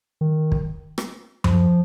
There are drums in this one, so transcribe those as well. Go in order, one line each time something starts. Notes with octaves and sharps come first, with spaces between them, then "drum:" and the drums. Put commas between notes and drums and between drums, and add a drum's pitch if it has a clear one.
D#3
drum: kick
drum: rim click
F3, drum: tom F#2